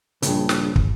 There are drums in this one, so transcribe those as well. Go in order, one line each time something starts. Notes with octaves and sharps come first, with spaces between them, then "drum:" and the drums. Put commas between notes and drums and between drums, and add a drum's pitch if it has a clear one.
A#1 G2 C#3, drum: hi-hat
drum: snare
drum: kick